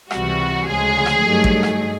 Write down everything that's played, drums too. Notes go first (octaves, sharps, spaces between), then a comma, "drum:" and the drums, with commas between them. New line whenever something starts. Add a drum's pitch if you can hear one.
C#2 C3 E3 G3 F#4, drum: rim click
D2 C#3 F3 G#3 G#4
drum: rim click
G2 D#3 F#3 A3
drum: kick
drum: rim click